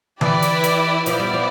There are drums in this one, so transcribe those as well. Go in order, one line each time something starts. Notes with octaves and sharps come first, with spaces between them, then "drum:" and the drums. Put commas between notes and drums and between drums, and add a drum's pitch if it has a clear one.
E3 E4 G4 B4 D5, drum: tom D3
drum: hi-hat
drum: hi-hat
F3 B3 E4 B4 D5, drum: hi-hat
G3
F3